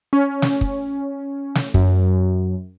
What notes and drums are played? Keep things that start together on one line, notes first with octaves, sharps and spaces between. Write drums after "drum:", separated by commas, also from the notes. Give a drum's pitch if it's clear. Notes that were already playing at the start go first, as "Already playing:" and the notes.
C#4
drum: snare
drum: kick
drum: snare
F#2, drum: kick